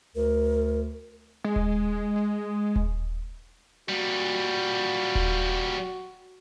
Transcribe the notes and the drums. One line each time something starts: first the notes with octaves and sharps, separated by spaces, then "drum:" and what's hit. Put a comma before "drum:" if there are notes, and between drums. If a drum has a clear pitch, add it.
D2 A#4
G#3
drum: kick D#1
G#3
drum: kick D#1
A#2 G3 F#4
drum: kick D#1